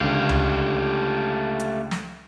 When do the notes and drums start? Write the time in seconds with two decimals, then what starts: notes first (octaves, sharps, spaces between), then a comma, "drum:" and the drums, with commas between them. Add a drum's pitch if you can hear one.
0.01 C#2 D3 A3 G4 F5
0.29 drum: tom C#2
1.60 drum: hi-hat
1.91 drum: snare